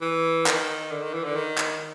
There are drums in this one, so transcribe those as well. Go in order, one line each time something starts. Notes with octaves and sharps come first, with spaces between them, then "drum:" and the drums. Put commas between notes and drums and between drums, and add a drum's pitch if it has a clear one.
E3
D#3, drum: clap
D3
D#3
E3
D3
D#3
drum: clap